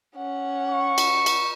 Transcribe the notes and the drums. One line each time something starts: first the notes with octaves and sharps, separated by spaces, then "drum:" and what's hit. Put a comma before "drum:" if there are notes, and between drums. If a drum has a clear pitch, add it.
C#4 F#5
C#6
drum: cymbal
drum: cymbal